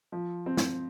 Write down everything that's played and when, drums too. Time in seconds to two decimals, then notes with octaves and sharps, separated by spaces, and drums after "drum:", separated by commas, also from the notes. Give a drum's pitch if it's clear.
0.12 F3
0.46 C4
0.57 drum: snare